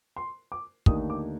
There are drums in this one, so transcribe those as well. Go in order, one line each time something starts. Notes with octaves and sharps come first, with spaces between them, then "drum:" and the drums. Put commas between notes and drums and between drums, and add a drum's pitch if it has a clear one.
C6
D6
D#2 D3 A3 D#4 D#6, drum: kick
D6